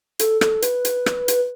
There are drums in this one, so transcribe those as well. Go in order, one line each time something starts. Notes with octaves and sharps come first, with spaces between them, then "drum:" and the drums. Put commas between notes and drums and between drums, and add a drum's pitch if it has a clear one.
A4, drum: hi-hat
A4, drum: rim click
B4, drum: hi-hat
drum: hi-hat
drum: rim click
drum: hi-hat